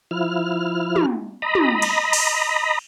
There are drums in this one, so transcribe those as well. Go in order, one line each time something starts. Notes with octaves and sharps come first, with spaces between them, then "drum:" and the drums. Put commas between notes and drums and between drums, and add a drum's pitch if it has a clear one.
F3 E4 F6
drum: tom
D#5 A#5 B5
drum: tom
drum: cymbal
drum: cymbal